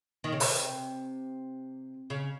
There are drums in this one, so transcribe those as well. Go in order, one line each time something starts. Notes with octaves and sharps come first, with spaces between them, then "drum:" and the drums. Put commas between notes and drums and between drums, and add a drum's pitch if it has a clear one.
D#3
C#3
C3, drum: open hi-hat
C#3